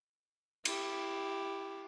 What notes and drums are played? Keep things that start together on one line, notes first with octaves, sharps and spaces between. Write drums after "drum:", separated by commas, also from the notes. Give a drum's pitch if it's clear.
E4 G4, drum: cymbal